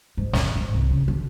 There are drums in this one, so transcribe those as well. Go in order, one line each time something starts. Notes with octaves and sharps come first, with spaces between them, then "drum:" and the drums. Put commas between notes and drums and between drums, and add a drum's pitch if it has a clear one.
G#2
E2, drum: snare
G#2
C2
C#3
D3